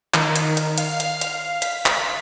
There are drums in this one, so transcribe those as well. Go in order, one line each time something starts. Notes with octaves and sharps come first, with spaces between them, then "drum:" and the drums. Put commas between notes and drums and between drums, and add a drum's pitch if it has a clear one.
D#3, drum: clap
drum: hi-hat
drum: hi-hat
F5, drum: hi-hat
drum: hi-hat
drum: hi-hat
B6, drum: hi-hat
drum: clap